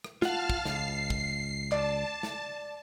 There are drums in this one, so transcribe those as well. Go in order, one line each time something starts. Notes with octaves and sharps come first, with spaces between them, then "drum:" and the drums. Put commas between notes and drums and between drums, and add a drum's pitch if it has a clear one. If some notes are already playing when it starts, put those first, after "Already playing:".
drum: rim click
F4 F5 F#5 A5 F6, drum: snare
drum: kick
C#2 C7, drum: snare
drum: kick
D5 A5, drum: clap
drum: snare